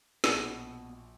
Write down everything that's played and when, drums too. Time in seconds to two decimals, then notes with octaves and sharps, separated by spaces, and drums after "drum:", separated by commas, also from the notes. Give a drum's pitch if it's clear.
0.24 A#1 B2, drum: snare